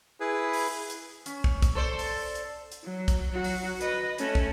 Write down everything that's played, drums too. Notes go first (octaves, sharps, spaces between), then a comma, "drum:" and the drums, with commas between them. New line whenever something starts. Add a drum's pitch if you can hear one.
E4 G#4 B4
drum: open hi-hat
drum: hi-hat
C#4, drum: hi-hat
drum: kick
drum: kick, hi-hat
A4 C5 D5
drum: open hi-hat
drum: hi-hat
drum: hi-hat
F#3
drum: kick, hi-hat
F#3 F#4
drum: open hi-hat
B4 D#5, drum: hi-hat
A3 C#4, drum: hi-hat
drum: kick